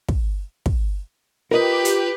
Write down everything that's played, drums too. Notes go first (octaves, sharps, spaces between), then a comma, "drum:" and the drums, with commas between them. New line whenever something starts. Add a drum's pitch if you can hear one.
drum: kick
drum: kick
F4 G4 A#4 B4 D#5
drum: hi-hat